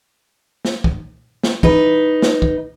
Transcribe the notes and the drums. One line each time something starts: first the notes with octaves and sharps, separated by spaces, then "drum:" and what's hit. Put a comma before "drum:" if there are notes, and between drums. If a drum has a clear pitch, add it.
drum: snare
drum: kick
drum: snare
D#4 B4, drum: kick
drum: snare
drum: kick